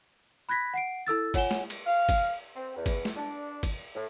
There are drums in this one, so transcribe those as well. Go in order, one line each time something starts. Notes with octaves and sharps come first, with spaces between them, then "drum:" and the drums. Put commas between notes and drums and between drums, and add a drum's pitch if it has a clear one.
B5 F#6 G#6 A#6 B6
F#5 C7 D7
E4 A4 E6 A6
F4 C#5 F#5 G#5 E7 G7, drum: kick, cymbal
drum: snare
drum: cymbal
F5
drum: kick, cymbal
C4
E2
drum: kick, cymbal
drum: snare
D4
drum: kick, cymbal
A2